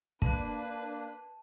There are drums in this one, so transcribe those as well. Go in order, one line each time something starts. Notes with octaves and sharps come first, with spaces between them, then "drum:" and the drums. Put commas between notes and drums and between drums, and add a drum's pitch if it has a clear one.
A#3 D4 B4 A5, drum: kick